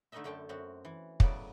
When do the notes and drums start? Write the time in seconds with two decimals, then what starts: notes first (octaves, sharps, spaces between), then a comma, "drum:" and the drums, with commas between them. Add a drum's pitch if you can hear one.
0.12 D3 A3 D#4 B4 D#5 E5
0.24 F#2 D3 A3 G5 A5
0.49 F#2 C4 F#4
0.85 E3
1.20 A2 C#3 F#3 B3 D5, drum: kick